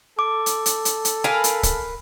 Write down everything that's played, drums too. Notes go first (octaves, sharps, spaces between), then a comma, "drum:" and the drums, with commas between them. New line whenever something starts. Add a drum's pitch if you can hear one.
A4 D6
drum: hi-hat
drum: hi-hat
drum: hi-hat
drum: hi-hat
A#4 B4 F5 G#5
drum: hi-hat
drum: kick C#1, hi-hat